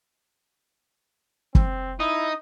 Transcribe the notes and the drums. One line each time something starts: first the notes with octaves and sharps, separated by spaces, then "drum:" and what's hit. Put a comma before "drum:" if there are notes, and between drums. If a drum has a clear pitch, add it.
C4, drum: kick
D#4 E4 D#6